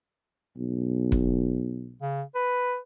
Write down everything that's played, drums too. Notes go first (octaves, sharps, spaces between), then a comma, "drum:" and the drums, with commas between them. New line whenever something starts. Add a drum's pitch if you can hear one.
B1
drum: kick
C#3
B4